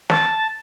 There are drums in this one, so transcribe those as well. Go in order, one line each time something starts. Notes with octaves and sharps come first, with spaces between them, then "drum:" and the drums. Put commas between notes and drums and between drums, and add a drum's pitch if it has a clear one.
A5, drum: snare